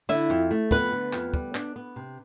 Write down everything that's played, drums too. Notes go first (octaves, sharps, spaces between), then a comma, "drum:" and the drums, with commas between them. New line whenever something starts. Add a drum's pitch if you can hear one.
D3 E4 E5
F2
A3
F2 B3 B4, drum: kick
D3
F2, drum: clap
G3, drum: kick
D4, drum: clap
B3
C3